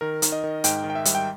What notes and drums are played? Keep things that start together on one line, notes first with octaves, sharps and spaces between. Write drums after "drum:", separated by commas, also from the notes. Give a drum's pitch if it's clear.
D#3 A#4
D#3, drum: hi-hat
D#5
D#3
G#2 G5, drum: hi-hat
D#3
G5
E5
G3, drum: hi-hat
G5